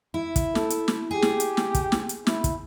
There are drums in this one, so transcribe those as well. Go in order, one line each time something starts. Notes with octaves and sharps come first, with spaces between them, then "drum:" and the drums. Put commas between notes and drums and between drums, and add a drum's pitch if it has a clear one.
E4
drum: kick, hi-hat
A4, drum: snare
drum: hi-hat
drum: snare
G4 G#4
drum: snare
drum: hi-hat
drum: snare
drum: kick, hi-hat
drum: snare
drum: hi-hat
E4, drum: snare
drum: kick, hi-hat